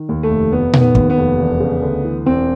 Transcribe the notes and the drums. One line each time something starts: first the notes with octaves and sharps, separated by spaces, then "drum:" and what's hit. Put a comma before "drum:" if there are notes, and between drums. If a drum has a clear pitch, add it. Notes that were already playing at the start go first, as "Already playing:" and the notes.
Already playing: D#3
D#2
A3
F1
F1 B3
D#3, drum: tom A#2
B3
D#2, drum: kick
B3
F1
E1
C#3
D2
E3
E1 C4